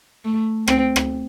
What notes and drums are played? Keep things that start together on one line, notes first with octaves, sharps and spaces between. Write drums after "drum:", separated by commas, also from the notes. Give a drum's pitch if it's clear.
A3
C4, drum: rim click
drum: rim click